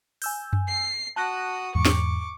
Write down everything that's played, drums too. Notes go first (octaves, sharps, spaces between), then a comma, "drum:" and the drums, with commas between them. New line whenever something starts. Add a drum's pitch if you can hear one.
G#5 E6 G6, drum: open hi-hat
drum: tom F#2
C7
F#4 A5 D#6 F#6 A#6
E2 G#2 C#6 D6
drum: snare